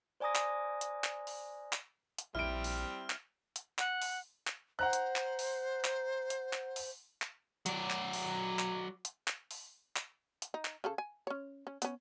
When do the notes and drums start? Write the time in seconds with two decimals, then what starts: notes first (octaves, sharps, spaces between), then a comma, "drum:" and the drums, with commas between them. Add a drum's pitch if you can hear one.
0.20 C5 D5 G#5 A#5 D#6 A#6
0.35 drum: clap
0.81 drum: hi-hat
1.04 drum: clap
1.27 drum: open hi-hat
1.73 drum: clap
2.19 drum: hi-hat
2.35 A#1 G3 C4 E4 F6 D7
2.64 drum: open hi-hat
3.10 drum: clap
3.56 drum: hi-hat
3.79 F#5, drum: clap
4.02 drum: open hi-hat
4.47 drum: clap
4.79 C5 F#5 A#5 F#6
4.93 drum: hi-hat
5.16 drum: clap
5.39 drum: open hi-hat
5.85 drum: clap
6.30 drum: hi-hat
6.53 drum: clap
6.76 drum: open hi-hat
7.22 drum: clap
7.66 F#3 D5, drum: hi-hat
7.90 drum: clap
8.13 drum: open hi-hat
8.59 drum: clap
9.05 drum: hi-hat
9.28 drum: clap
9.51 drum: open hi-hat
9.96 drum: clap
10.42 drum: hi-hat
10.54 D#4
10.65 drum: clap
10.84 C#3 G#4 A4
10.98 G#5
11.27 C#4 C#5
11.67 C#4
11.82 B3 C#4, drum: hi-hat